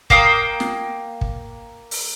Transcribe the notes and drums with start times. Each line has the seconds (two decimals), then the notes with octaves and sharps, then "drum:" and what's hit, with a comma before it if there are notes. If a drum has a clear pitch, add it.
0.10 A#3 F5 G5 D#6, drum: kick
0.60 drum: snare
1.21 drum: kick
1.91 drum: open hi-hat